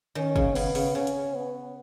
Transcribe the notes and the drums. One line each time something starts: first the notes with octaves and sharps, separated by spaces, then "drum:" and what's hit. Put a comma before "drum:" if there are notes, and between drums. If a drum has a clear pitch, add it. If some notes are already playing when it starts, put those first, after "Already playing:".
D#3 C#4
C#3, drum: kick
C#3 B3, drum: cymbal
C#3, drum: open hi-hat
C#3 C#4
drum: hi-hat
B3